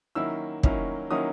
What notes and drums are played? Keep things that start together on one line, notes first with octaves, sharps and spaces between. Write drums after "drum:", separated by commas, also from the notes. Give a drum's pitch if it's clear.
D#3 F#3 A#3 C#4 E4 E6
D#3 F#3 A#3 C#4 E4, drum: kick
D#3 F#3 A#3 C#4 E4 D#6